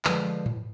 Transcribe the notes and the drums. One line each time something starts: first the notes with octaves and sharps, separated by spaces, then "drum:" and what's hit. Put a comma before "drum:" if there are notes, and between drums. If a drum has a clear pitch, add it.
D3 F3 G#3 B4, drum: clap
drum: tom G#2